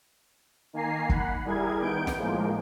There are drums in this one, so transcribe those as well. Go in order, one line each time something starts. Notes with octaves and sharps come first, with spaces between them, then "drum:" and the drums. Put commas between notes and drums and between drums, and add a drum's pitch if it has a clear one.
D#3 A#3 G#5 A#5 C7
F#5 B5, drum: kick
G3 E4 G#4 A#4 G#6
D#3 B3 G6 D7
drum: snare
A2 F3 G#3 A#3